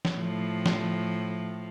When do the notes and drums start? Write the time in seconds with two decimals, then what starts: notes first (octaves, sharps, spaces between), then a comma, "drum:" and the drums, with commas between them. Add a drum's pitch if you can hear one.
0.05 drum: snare F3
0.15 A2 F3
0.66 drum: snare F3